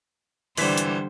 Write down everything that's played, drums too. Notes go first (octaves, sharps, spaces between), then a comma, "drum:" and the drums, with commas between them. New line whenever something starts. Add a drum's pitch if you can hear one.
G#1 D3 E3 G3 C5 B6, drum: open hi-hat
drum: hi-hat